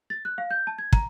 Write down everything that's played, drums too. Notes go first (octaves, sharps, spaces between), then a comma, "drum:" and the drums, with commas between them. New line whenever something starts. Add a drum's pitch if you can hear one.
A6
F#6
F5
G6
A5
G#6
A#5, drum: kick